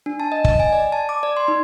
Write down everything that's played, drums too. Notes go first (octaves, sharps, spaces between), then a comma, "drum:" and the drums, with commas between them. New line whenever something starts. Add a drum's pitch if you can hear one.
D4
A5
D#5
D#5, drum: kick
G#5
D5
A5
D6
D5
C6
D#4